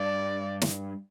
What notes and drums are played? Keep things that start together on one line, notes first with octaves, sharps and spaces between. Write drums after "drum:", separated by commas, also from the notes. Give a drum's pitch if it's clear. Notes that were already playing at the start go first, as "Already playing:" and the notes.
Already playing: G2 D5
drum: snare